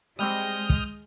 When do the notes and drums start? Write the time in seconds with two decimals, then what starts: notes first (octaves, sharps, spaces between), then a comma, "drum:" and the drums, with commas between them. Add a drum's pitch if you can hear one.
0.19 G3 G#3 C4 D#6 F6 G6
0.70 drum: kick